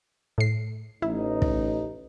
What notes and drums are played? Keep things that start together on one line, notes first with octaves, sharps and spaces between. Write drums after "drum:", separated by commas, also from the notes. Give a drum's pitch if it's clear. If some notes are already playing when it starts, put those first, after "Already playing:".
A2 C7
A1 D#4 E4
drum: kick